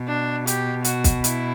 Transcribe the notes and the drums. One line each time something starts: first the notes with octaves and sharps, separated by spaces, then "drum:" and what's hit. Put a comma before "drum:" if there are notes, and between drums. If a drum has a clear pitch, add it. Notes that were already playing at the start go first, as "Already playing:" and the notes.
Already playing: B2
D4
G4, drum: hi-hat
F#4, drum: hi-hat
drum: kick, hi-hat
E4, drum: hi-hat